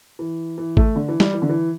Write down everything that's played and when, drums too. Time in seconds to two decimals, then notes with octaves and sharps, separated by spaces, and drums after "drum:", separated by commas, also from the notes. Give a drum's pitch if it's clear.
0.19 E3
0.58 E3
0.77 A3, drum: kick G#1
0.96 D3
1.09 E3
1.20 G3, drum: snare
1.34 E3
1.42 D3
1.49 E3